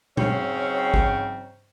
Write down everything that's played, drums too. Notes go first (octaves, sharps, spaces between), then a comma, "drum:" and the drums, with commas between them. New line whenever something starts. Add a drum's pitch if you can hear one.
C#3 F#3 C4 C#4 D#4, drum: tom A#2
drum: kick